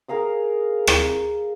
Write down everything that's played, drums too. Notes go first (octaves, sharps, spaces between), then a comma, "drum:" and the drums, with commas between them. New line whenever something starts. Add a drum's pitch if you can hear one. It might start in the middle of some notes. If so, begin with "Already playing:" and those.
G#4 A#4 F5 D#6
drum: rim click